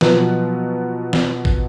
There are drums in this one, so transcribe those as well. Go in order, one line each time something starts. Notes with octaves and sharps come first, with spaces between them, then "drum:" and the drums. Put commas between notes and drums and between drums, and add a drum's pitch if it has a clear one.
B2 F3 F#3 B3, drum: snare
drum: snare
drum: kick